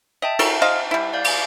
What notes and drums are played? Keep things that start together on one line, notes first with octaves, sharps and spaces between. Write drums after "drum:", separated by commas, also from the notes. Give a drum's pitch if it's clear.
D#5 E5 G5 A5
A4 A#4 C#5, drum: cymbal
C5 D#5 F5
G3 E4
D5 F5 G6
drum: cymbal